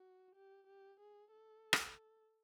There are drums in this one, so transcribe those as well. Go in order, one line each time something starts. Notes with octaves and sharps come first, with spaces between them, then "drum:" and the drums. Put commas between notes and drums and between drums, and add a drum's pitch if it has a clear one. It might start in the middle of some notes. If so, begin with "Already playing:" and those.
Already playing: F#4
G4
G4
G#4
A4
drum: rim click